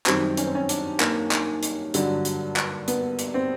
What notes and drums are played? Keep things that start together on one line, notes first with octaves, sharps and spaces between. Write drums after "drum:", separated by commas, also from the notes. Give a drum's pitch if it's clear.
F#2 D#3 G3 C4, drum: clap
C#4, drum: hi-hat
C4
C#4
D4, drum: hi-hat
A#3, drum: clap
drum: clap
drum: hi-hat
G2 D3 F#3, drum: hi-hat
drum: hi-hat
drum: clap
B3, drum: hi-hat
drum: hi-hat
C4